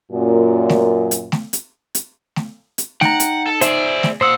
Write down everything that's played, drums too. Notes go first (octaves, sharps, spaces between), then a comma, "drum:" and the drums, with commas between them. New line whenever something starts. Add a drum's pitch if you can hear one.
F#2 A#2
drum: snare A3
drum: hi-hat
drum: snare A3
drum: hi-hat
drum: hi-hat
drum: snare A3
drum: hi-hat
D#4 F#5 G5 A#5, drum: snare A3
drum: hi-hat
A4
G#4 C5 D5 E5, drum: hi-hat
drum: snare A3
A#2 C5 F#5 D#6 E6